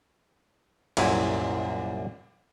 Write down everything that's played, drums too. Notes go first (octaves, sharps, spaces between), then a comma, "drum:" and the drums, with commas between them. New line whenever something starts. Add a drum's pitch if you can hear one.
C2 F#2 A#2 E4 G#5, drum: cymbal